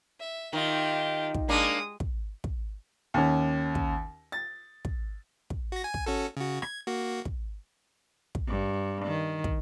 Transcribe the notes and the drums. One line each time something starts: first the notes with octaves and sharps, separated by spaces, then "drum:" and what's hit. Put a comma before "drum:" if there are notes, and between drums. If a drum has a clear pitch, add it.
E5
D#3 F4 G4
drum: kick
G#3 A#3 D4 D#6
drum: kick
drum: kick
D#2 C#4
drum: kick
A6
drum: kick
drum: kick
F#4 A#6
G#5
drum: kick
C#4 F#4 A4
C#3 F#4
G#6, drum: rim click
A#3 F#4
drum: kick
drum: kick
G2
D#3
drum: kick